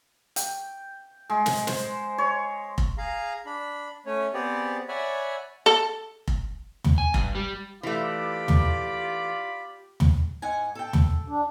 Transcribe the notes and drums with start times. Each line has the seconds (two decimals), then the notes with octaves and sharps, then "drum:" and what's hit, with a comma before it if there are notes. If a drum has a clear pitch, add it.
0.36 G5, drum: hi-hat
1.30 G#3
1.46 drum: snare
1.67 C5, drum: snare
2.18 C#5
2.78 drum: kick F1
2.98 G#4 F5 A#5
3.46 D4 B5
4.06 A3 C#4 C#5
4.34 B3 C4 G4 G#4 D5
4.88 C#5 D5 E5 F#5 G#5 B5
5.66 A4
6.28 drum: kick F1
6.84 drum: tom
6.98 G#5
7.14 G2, drum: kick F1
7.35 G3
7.83 E3 A3 F4 G4 D5 B5 D6
8.48 drum: tom
10.00 drum: tom
10.42 G#2 F#5 G#5
10.75 A4 G5
10.93 drum: tom
11.28 D4